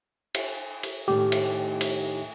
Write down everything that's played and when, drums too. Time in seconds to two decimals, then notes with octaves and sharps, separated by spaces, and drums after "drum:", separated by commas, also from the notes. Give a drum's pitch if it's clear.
0.35 drum: cymbal
0.83 drum: cymbal
1.08 A2 D#3 A3 G4
1.32 drum: cymbal
1.81 drum: cymbal